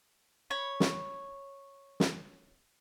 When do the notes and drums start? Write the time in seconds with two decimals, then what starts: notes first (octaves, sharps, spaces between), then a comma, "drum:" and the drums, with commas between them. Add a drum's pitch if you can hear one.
0.50 C#5 B5
0.80 drum: snare
2.00 drum: snare